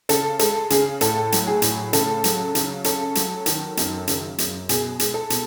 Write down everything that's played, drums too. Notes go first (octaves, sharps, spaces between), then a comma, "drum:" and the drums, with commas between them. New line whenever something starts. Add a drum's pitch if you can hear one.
C#3 A4, drum: hi-hat
G#3 A4, drum: hi-hat
C#3 G#4, drum: hi-hat
A2 A4, drum: hi-hat
F#3, drum: hi-hat
G#4
A2, drum: hi-hat
C#3 A4, drum: hi-hat
F#3, drum: hi-hat
C#3, drum: hi-hat
C#4 A4, drum: hi-hat
F#3, drum: hi-hat
D#3, drum: hi-hat
F#2, drum: hi-hat
C#3, drum: hi-hat
F#2, drum: hi-hat
B2 G#4, drum: hi-hat
G#3, drum: hi-hat
A4
B2, drum: hi-hat